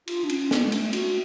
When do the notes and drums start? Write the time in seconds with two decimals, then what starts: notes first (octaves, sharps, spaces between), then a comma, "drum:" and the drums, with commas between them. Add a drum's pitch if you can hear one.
0.08 F4, drum: cymbal
0.24 D4
0.29 C#4, drum: cymbal
0.51 B3, drum: snare
0.65 G#3
0.72 A3, drum: cymbal
0.93 F#4, drum: cymbal